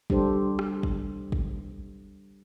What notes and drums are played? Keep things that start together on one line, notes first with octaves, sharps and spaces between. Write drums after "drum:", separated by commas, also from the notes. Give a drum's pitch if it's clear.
G3 D4 G4 A4 C5, drum: kick
drum: rim click
drum: kick
drum: kick